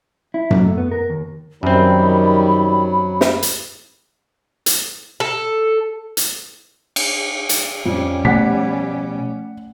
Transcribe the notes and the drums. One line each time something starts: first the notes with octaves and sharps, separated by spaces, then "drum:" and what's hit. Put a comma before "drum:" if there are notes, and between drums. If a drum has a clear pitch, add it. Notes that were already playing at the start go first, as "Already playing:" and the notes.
E4
F#3, drum: tom F#2
A3
B3
A#4
D#2
F#2 D#3 F#3 G3 C4 B5
drum: snare
drum: hi-hat
drum: hi-hat
A4
drum: hi-hat
drum: cymbal
drum: hi-hat
F2 G3 C#4
B2 F3 A3 B3 F#5 B6